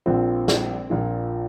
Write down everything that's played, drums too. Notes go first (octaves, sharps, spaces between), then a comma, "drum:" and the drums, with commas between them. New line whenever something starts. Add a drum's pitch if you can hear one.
A#1 A#2 F3 C4
drum: snare
A#1 A#2 F3